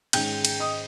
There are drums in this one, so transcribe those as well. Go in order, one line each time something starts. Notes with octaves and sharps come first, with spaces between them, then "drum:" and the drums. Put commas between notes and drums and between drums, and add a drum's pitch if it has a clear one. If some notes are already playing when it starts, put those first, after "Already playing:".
G#2 D#3 G#3 C#4 G5 G6, drum: cymbal
drum: cymbal
D#5 D#6